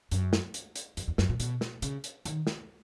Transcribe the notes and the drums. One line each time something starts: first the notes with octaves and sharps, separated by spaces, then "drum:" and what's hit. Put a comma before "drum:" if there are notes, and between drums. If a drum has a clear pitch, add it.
F#2, drum: hi-hat
drum: snare
drum: hi-hat
drum: hi-hat
F#2, drum: hi-hat
E2
F#2, drum: snare
A#2
B2, drum: hi-hat
drum: snare
C#3, drum: hi-hat
drum: hi-hat
D#3, drum: hi-hat
drum: snare